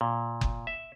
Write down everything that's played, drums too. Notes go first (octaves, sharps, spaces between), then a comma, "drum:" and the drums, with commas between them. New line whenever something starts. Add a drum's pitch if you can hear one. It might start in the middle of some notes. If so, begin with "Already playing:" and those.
A#2
drum: kick F#1
E5